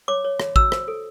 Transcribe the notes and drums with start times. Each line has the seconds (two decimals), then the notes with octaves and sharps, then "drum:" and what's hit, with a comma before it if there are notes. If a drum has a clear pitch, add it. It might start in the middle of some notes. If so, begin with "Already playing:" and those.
0.08 C#5 D6
0.25 C#5
0.40 C#5, drum: rim click
0.56 F#4 E6, drum: kick
0.72 C5, drum: rim click
0.88 A4